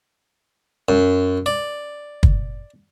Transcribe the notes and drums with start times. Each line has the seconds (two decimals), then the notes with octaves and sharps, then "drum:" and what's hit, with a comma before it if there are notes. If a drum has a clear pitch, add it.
0.89 F#2
1.46 D5
2.23 drum: kick